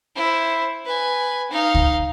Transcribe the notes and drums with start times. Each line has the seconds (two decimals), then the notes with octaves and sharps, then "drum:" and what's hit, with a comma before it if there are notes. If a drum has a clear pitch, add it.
0.16 E4 C5
0.85 B4 G#5
1.51 D#4 F5
1.74 drum: kick